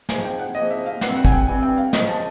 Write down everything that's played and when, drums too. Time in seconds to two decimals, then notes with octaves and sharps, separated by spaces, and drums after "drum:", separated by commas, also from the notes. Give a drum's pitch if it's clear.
0.09 G#2 F3 A#3 G#5, drum: snare
0.24 G5
0.40 F#5
0.55 G#2 F3 A#3 D#5
0.70 E5
0.86 F5
1.01 G2 E3 G3 C4 F#5, drum: snare
1.16 F#5
1.25 G#5, drum: kick
1.32 G5
1.47 G2 E3 G3 C4 G#5
1.63 G5
1.77 F5
1.93 C#3 F3 G#3 D#5, drum: snare
2.09 A5